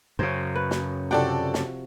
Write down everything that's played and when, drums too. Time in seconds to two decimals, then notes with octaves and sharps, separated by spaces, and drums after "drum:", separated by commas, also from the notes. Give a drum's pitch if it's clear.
0.19 F#2 C#3 C5
0.55 B4
0.71 drum: snare
1.11 C3 F3 F#4 A4 D5 G5
1.54 drum: snare